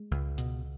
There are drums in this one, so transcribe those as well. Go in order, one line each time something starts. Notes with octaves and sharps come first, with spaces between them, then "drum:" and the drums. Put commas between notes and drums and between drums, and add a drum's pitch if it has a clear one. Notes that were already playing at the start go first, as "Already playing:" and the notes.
Already playing: G#3
C#2
B2, drum: hi-hat